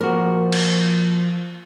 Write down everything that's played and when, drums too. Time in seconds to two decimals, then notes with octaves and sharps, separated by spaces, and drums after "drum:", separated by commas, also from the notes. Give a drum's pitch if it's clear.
0.01 A#2 F3 F#4 A#4
0.52 drum: cymbal